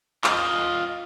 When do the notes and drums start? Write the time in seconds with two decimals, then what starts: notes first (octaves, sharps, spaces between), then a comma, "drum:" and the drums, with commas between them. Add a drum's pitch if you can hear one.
0.24 F4 D#5, drum: clap